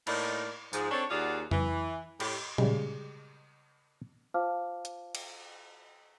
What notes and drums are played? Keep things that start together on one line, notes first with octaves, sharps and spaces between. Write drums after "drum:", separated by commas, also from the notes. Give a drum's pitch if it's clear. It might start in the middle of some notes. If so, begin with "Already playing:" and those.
A2 A3 A#3 D#4 A#4 D5, drum: cymbal
G#2 F3 G#4, drum: tambourine
C4 D4 A4 C#5
D#2 F4 F#4 G#4 D5 F#5
E3, drum: tom F2
A2 G4, drum: cymbal
C#3 G3 G#3, drum: tom A#2
F4 C5 F5 A5 D6 F6
drum: hi-hat
drum: cymbal